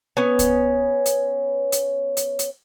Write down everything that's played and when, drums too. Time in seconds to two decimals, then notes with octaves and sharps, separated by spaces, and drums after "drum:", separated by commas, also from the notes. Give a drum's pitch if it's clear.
0.17 B3 C#4
0.39 drum: kick C2, hi-hat
1.06 drum: hi-hat
1.72 drum: hi-hat
2.17 drum: hi-hat
2.39 drum: hi-hat